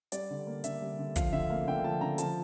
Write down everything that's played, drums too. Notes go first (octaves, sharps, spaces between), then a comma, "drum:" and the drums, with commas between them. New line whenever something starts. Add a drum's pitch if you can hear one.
G3 D5, drum: hi-hat
D3
A#3
D3 E5, drum: hi-hat
G3
D3
F3 F5, drum: kick, hi-hat
D3 E5
A#3 F5
D3 G5
F3 A5
D3 A#5
F3 A5, drum: hi-hat